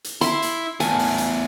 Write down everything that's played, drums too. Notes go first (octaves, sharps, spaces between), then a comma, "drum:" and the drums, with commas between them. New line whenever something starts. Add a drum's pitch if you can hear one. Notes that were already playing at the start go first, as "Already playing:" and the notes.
drum: hi-hat
E4 E5 C6, drum: hi-hat
drum: hi-hat
E2 A3 G#5, drum: hi-hat
drum: open hi-hat
drum: hi-hat